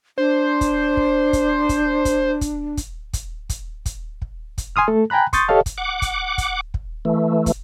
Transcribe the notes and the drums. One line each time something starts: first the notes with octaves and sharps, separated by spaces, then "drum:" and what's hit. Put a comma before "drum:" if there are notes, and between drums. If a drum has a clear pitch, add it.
D4 C5
drum: kick, hi-hat
drum: kick
drum: kick, hi-hat
drum: kick, hi-hat
drum: kick, hi-hat
drum: kick, hi-hat
drum: kick, hi-hat
drum: kick, hi-hat
drum: kick, hi-hat
drum: kick, hi-hat
drum: kick
drum: kick, hi-hat
G#5 C6 D#6 F6
A3 A4
G5 G#5 A#5 B5 F#6
C6 C#6 D#6 G6 A6, drum: kick, hi-hat
G4 A4 C#5 D#5 F5 A5
drum: kick, hi-hat
F#5 D6
drum: kick, hi-hat
drum: kick, hi-hat
drum: kick
E3 A3
drum: kick, hi-hat